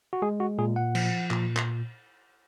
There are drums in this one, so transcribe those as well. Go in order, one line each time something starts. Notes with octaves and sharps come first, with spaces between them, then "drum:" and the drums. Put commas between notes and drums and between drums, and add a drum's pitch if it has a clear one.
F#4
G#3 G#4
F#4
A#2 G#4
F#5
F3, drum: cymbal
A#2, drum: clap
drum: clap